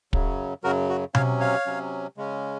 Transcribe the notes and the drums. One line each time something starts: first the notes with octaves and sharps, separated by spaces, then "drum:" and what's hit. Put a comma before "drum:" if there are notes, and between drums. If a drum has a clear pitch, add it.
F#2 C#3 F#3, drum: kick
F#2 C#3 F#3 F#4 A#4
F#4
C3 F#3 C#4 C#5 F5, drum: tom B2
C#5 F5
C3 F#3 C#4
C#3 G#3 C#4